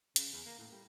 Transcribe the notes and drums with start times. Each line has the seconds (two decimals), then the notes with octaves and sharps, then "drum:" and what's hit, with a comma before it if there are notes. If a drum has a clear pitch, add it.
0.16 C#3, drum: hi-hat
0.32 E2
0.46 A#3
0.59 A2
0.72 G3